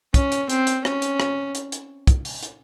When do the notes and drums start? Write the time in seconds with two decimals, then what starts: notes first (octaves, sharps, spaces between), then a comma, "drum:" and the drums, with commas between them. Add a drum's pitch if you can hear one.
0.14 C#4, drum: kick, hi-hat
0.32 drum: hi-hat
0.50 C4, drum: hi-hat
0.67 drum: hi-hat
0.85 C#4, drum: rim click
1.02 drum: hi-hat
1.20 drum: rim click
1.55 drum: hi-hat
1.72 drum: hi-hat
2.07 drum: kick, hi-hat
2.25 drum: open hi-hat
2.43 drum: hi-hat